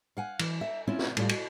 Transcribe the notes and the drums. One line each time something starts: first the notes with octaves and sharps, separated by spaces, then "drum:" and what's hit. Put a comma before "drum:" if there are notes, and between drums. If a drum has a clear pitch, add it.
F5 F#5 G#5
E3, drum: cymbal
E5
C4 C#4 E4 F4
drum: snare
A2 G3 F4, drum: cymbal
F#4, drum: cymbal